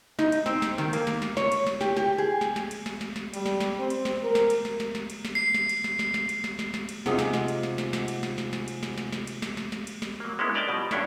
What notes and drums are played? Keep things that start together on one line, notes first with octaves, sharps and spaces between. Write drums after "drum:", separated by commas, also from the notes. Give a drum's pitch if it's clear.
D#4, drum: snare
drum: cymbal
C4, drum: snare
drum: snare
D#3, drum: snare
A#3, drum: cymbal
drum: snare
drum: snare
C#5, drum: snare
drum: cymbal
drum: snare
G4, drum: snare
G4, drum: snare
G#4
drum: snare
drum: snare
drum: cymbal
drum: snare
drum: snare
drum: snare
G3, drum: cymbal
drum: snare
drum: snare
C4
drum: cymbal
drum: snare
A#4
drum: snare
drum: cymbal
drum: snare
drum: snare
drum: snare
drum: cymbal
drum: snare
C7
drum: snare
drum: cymbal
drum: snare
drum: snare
drum: snare
drum: cymbal
drum: snare
drum: snare
drum: snare
drum: cymbal
C3 D#4 F4 G#4 F#5, drum: snare
drum: snare
drum: snare
drum: cymbal
drum: snare
drum: snare
drum: snare
drum: cymbal
drum: snare
drum: snare
drum: snare
drum: cymbal
drum: snare
drum: snare
drum: snare
drum: cymbal
drum: snare
drum: snare
drum: snare
drum: cymbal
drum: snare
F#3 A#3
G#3 A#3 B3 C#4 E4
D4 A#4 D5 D#5 G5 A5
B2 F3 G3
G2 C#4 D4 E4 A4, drum: snare